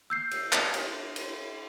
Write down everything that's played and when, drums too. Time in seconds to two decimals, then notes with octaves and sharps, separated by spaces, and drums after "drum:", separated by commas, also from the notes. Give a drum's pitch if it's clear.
0.10 E6 G6 C7
0.31 drum: cymbal
0.52 drum: clap
0.74 drum: cymbal
1.16 drum: cymbal